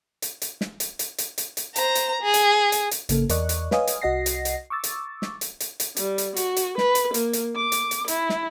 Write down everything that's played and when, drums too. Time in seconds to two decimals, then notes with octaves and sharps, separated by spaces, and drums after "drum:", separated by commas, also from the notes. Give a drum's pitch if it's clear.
0.22 drum: hi-hat
0.42 drum: hi-hat
0.61 drum: snare
0.80 drum: hi-hat
0.99 drum: hi-hat
1.18 drum: hi-hat
1.38 drum: hi-hat
1.57 drum: hi-hat
1.76 C5 A#5, drum: hi-hat
1.95 drum: hi-hat
2.22 G#4
2.34 drum: hi-hat
2.72 drum: hi-hat
2.91 drum: hi-hat
3.09 G#1 C#3 A#3 A4, drum: hi-hat
3.29 E2 A#4 D5 D#5 C#6 F#6, drum: hi-hat
3.49 drum: hi-hat
3.71 B4 C#5 D#5 F5 G#5 D#6, drum: snare
3.87 drum: hi-hat
4.02 C2 F#4 D#5 F#5 A#6 C7
4.26 drum: hi-hat
4.45 drum: hi-hat
4.70 C#6 D6 E6 A6
4.84 drum: hi-hat
5.22 drum: snare
5.41 drum: hi-hat
5.60 drum: hi-hat
5.80 drum: hi-hat
5.97 G3, drum: hi-hat
6.18 drum: hi-hat
6.36 F#4, drum: hi-hat
6.56 drum: hi-hat
6.78 B4, drum: snare
6.95 drum: hi-hat
7.14 A#3, drum: hi-hat
7.33 drum: hi-hat
7.56 D6
7.72 drum: hi-hat
7.91 drum: hi-hat
8.08 E4, drum: hi-hat
8.29 drum: snare